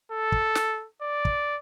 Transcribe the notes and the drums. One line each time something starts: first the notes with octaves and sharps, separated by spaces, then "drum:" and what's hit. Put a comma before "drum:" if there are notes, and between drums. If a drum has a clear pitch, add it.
A4
drum: kick
drum: snare
D5
drum: kick